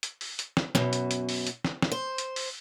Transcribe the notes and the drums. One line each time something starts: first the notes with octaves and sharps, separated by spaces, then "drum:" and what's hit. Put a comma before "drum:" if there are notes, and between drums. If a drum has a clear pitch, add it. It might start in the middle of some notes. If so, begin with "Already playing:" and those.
drum: hi-hat
drum: open hi-hat
drum: hi-hat
drum: snare
F#2 B2, drum: snare
drum: hi-hat
drum: hi-hat
drum: open hi-hat
drum: hi-hat
drum: snare
drum: snare
C5
drum: hi-hat
drum: open hi-hat